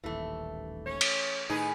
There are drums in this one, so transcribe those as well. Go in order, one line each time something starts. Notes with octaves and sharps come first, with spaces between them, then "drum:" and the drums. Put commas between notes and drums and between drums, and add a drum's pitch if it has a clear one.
D#1 A1 D#2 E3 A3
C#4 C#5
drum: cymbal
A2 D#3 D#4 G#4 B4